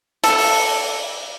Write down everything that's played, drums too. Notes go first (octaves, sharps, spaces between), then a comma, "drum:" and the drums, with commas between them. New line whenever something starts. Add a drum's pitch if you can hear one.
A4, drum: hi-hat
drum: open hi-hat